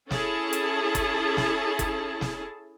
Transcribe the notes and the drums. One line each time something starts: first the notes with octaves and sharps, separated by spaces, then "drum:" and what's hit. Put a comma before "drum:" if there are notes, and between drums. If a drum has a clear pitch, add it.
C#4 E4 G#4 A4 A5, drum: snare
drum: hi-hat
drum: kick G1, hi-hat
drum: snare
drum: kick G1, hi-hat
drum: snare